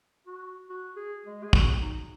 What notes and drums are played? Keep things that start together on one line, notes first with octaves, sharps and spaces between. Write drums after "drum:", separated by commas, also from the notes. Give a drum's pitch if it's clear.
F#4
F#4
G#4
G#3
G#4
F#4, drum: kick
D#4